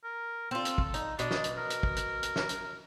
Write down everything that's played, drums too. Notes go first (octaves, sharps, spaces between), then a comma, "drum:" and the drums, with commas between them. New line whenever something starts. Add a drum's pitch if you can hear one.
A#4
C4 F4 A4
drum: hi-hat
drum: kick
D#4, drum: hi-hat
B2 D4 D#5, drum: hi-hat
drum: snare
drum: hi-hat
A#4
drum: hi-hat
drum: kick
drum: hi-hat
drum: hi-hat
drum: snare
drum: hi-hat